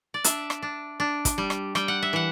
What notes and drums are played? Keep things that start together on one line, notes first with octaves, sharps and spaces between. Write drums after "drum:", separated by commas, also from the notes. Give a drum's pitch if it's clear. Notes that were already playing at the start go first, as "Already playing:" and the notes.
D5
D4 E5, drum: hi-hat
drum: rim click
D4
D4
drum: kick, hi-hat
G3
drum: rim click
G3 G5, drum: rim click
F#5
E5
E3 F#5